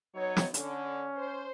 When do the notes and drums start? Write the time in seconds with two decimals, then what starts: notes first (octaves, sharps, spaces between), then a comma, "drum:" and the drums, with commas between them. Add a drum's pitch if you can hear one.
0.15 F#3 B3 D#4 C#5
0.37 drum: snare
0.54 D3 C#4, drum: hi-hat
1.16 C5